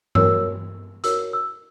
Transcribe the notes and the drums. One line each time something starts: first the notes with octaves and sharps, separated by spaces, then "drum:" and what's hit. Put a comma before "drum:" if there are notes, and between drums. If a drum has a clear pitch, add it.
F#4 A#4 C#5 E6, drum: tom
F#4 A#4 C#5 E6, drum: hi-hat
E6